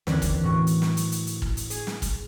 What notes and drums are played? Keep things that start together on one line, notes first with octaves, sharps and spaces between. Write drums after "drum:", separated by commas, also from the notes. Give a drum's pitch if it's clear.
D#2 D3 E3 C4 D4 D5, drum: snare
drum: kick, hi-hat
A2 F#4 C#6
drum: hi-hat
drum: snare
drum: hi-hat
drum: hi-hat
drum: hi-hat
drum: kick
drum: hi-hat
G#4, drum: hi-hat
drum: snare
drum: kick, hi-hat